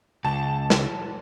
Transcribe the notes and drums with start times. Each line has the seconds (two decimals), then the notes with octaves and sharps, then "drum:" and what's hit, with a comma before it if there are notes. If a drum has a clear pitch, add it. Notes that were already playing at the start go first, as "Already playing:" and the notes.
0.25 C#2 A5
0.70 drum: snare